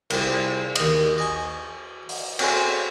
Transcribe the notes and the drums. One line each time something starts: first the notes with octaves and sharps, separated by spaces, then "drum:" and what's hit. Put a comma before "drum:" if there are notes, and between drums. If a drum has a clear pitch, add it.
C2 C4 F4, drum: cymbal
D#2 D#5, drum: cymbal
D#5 G#5 C#6
drum: open hi-hat
C4 C#4 F#4 A4 G#5 C6, drum: cymbal